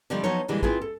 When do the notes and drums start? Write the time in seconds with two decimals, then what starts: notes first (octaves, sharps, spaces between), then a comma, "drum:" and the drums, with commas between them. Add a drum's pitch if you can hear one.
0.10 D3 F3 G3 A3 C4 D#4
0.24 F3 F#3 B3 D#4 C#5
0.48 A#2 D3 E3 G3 G#3
0.63 C4 E4 F4 G#4 B4, drum: kick A1
0.82 A4